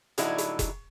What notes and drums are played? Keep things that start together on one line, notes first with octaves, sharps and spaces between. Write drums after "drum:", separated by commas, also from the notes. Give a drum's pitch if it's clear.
A2 D3 F#3 G3 D#4 E4, drum: hi-hat
drum: hi-hat
drum: kick F1, hi-hat